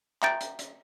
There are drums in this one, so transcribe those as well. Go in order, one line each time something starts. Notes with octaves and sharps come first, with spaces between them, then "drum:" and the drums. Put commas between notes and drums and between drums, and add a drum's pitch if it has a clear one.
E5 G5 A#5 G6 A6 D7, drum: clap
drum: hi-hat
drum: hi-hat